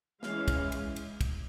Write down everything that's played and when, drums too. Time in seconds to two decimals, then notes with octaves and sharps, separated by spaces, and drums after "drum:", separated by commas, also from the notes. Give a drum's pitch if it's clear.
0.23 E3 G#3 C#4 F5, drum: snare
0.48 drum: kick, cymbal
0.72 drum: cymbal
0.96 drum: cymbal
1.21 drum: kick, cymbal